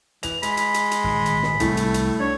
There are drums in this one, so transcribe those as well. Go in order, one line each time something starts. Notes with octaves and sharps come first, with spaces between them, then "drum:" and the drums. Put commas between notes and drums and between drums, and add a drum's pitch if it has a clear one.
E3 F7, drum: hi-hat
G#3 B5, drum: hi-hat
drum: hi-hat
drum: hi-hat
drum: hi-hat
G#1 A#2
drum: hi-hat
drum: snare
C2 A2 A3, drum: hi-hat
drum: hi-hat
drum: hi-hat
D4 C#5